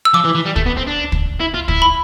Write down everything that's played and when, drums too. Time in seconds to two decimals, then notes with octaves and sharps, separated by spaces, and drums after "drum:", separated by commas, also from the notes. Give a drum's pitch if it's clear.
0.05 E6
0.14 F3 D6
0.25 E3
0.35 E3
0.46 G3
0.56 A3, drum: kick
0.66 B3
0.77 C4
0.88 D4
1.12 drum: kick
1.40 E4
1.54 F4
1.68 E4, drum: kick
1.82 B5